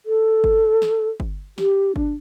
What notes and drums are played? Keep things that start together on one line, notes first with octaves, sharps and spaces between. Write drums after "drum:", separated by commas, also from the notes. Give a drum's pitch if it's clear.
A4
drum: kick G1
drum: snare
drum: kick G1
G4, drum: snare
D4, drum: kick G1